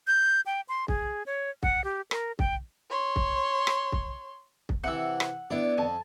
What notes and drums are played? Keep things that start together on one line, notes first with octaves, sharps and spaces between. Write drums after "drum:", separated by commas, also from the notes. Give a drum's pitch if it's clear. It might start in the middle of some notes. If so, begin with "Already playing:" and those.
G6
G5
C6
G#4, drum: kick
C#5
F#5, drum: kick
G4
A#4, drum: rim click
G5, drum: kick
C#5 C6
drum: kick
drum: rim click
drum: kick
drum: kick
C3 E3 F#5 E6
drum: rim click
B3 D4 E4 D5
F2 G#5 A5